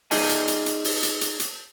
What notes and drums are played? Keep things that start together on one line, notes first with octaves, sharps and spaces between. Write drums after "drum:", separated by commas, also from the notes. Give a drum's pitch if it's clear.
D#4 F4 G#4 D5 D#5 G#5, drum: open hi-hat
drum: hi-hat
drum: hi-hat
drum: hi-hat
drum: open hi-hat
drum: hi-hat
drum: hi-hat
drum: hi-hat